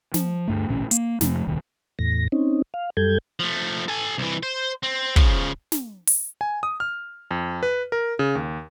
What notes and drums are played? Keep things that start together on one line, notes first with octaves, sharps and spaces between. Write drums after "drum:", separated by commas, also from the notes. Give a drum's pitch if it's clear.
F3, drum: snare
D2 G2 A3
A1 D2 A#2 C#4
A#3, drum: hi-hat
F2 C3 F3 A3, drum: snare
D#1 C2 D#3
E2 A2 A#6
C4 C#4 D#4
F5
F#2 G3 A4 G6 G#6
F3 A3
A4 G#5
C2 E3
C5
C4
C#3 F3, drum: kick
drum: snare
drum: open hi-hat
G#5
D#6
F6
F2
B4
A#4
C#3
D#2